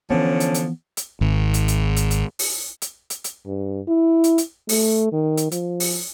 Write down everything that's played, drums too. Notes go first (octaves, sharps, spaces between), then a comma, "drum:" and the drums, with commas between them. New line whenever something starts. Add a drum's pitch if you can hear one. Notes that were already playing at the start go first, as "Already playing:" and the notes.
D3 E3 F3 B3 C#4
drum: hi-hat
drum: hi-hat
drum: hi-hat
G#1
drum: hi-hat
drum: hi-hat
drum: hi-hat
drum: hi-hat
drum: open hi-hat
drum: hi-hat
drum: hi-hat
drum: hi-hat
G2
E4
drum: hi-hat
drum: hi-hat
A3, drum: open hi-hat
D#3
drum: hi-hat
F3, drum: hi-hat
drum: open hi-hat